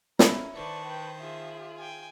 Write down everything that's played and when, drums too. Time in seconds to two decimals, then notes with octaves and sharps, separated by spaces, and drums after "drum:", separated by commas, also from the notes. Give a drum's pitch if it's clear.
0.19 C#4 E4 A#4, drum: snare
0.55 D#3 B4 C5 D5 A5 C#6
0.85 B4 G5
1.20 F4 G#4 E5
1.78 G5 G#5